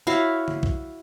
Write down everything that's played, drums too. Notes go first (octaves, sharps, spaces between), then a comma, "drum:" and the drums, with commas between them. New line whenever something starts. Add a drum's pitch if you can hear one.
E4 F#4 C#5 F5
drum: tom C#3
drum: kick B1